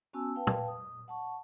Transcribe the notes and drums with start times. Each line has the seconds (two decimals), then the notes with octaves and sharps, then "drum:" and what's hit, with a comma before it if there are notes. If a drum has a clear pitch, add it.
0.13 B3 C#4 F#4 G#5 A5 E6
0.35 B4 F5 G5 A5
0.47 drum: tom
0.68 D#6
1.08 F#5 A5 C#6